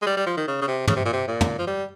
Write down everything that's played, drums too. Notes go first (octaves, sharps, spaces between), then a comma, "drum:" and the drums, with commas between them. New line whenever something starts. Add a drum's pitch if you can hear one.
G#3
G3
G3
F3
D#3
C#3
C#3
C3
C#3, drum: tom
C3
A#2
C3
A#2
drum: tom
F3
G3